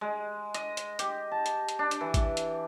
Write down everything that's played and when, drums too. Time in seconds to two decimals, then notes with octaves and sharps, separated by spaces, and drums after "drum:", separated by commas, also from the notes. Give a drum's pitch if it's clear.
0.01 G#3
0.54 D#5, drum: hi-hat
0.77 drum: hi-hat
0.99 G4, drum: hi-hat
1.32 A5
1.46 drum: hi-hat
1.69 drum: hi-hat
1.79 D4
1.91 drum: hi-hat
2.01 E3
2.14 drum: kick G#1, hi-hat
2.37 drum: hi-hat